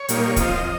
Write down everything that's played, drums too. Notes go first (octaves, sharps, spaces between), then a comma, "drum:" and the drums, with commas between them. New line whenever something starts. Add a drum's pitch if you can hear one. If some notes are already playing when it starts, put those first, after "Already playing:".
Already playing: C#5
A#2 G3 A#3 D#4, drum: hi-hat
F3 C4 F4 D#5, drum: kick, hi-hat